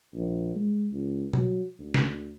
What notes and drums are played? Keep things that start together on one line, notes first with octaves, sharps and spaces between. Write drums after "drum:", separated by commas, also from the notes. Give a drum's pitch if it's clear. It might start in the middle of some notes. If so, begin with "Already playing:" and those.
A#1
G#3
C#2
F#3, drum: tom B2
D2
drum: snare